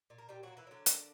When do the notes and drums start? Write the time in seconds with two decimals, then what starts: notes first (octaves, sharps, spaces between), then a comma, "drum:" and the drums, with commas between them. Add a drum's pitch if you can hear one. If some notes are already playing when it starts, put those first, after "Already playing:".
0.10 A#2
0.18 A#4
0.29 A#2 G3 G4
0.43 F#3 A#3 F#4
0.57 E3 E4
0.67 D3 F#3 D4
0.86 A#3, drum: hi-hat